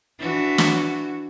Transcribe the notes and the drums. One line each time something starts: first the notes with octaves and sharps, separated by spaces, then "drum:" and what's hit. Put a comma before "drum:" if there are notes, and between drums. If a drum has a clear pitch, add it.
E3 D4 F#4
drum: snare